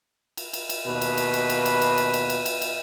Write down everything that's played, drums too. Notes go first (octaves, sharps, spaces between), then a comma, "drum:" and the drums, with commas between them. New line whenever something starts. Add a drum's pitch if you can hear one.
drum: cymbal
drum: cymbal
drum: cymbal
D#2 B2 B4
drum: cymbal
drum: cymbal
drum: cymbal
drum: cymbal
drum: cymbal
drum: cymbal
drum: cymbal
drum: cymbal
drum: cymbal
drum: cymbal
drum: cymbal